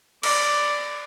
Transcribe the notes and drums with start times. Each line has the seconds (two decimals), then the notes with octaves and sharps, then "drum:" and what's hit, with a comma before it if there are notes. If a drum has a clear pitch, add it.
0.23 D5, drum: cymbal